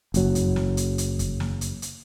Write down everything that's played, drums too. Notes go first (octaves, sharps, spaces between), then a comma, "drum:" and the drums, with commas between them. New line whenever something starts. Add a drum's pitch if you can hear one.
F#1 F#3, drum: hi-hat
drum: kick F2, hi-hat
drum: snare
drum: hi-hat
drum: hi-hat
drum: kick F2, hi-hat
drum: snare
drum: hi-hat
drum: hi-hat